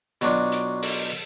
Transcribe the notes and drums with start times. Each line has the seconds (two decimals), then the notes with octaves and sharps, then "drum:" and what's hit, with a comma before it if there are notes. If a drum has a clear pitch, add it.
0.21 B2 F#3 D4 F4, drum: hi-hat
0.52 drum: hi-hat
0.83 drum: open hi-hat